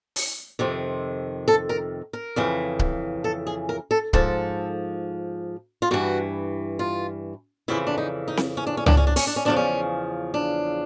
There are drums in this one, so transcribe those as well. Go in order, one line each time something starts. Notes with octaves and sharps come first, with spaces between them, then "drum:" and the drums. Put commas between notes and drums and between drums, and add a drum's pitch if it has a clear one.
drum: open hi-hat
F2 C3 D#3
A4
A#4
A#4
F2 C#3 E3
drum: kick C#1
A4
G#4
A#4
A4
G#2 F3 A4, drum: kick C#1
F4
G2 E3 F#4
F4
F2 C#3 E3 E4
D4
D#4
D#4
drum: snare C4
C#4
D4
C#4
D4, drum: tom C#2
C#4
D4
C#4, drum: open hi-hat
D4
C#4
E2 C#3 F3 D4
C#4
D4